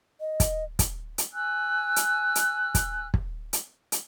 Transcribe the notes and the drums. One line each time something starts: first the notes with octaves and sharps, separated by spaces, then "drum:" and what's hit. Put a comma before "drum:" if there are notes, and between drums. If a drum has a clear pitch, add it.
D#5
drum: kick, hi-hat
drum: kick, hi-hat
drum: hi-hat
G#5 E6 F#6
drum: hi-hat
drum: hi-hat
drum: kick, hi-hat
drum: kick
drum: hi-hat
drum: hi-hat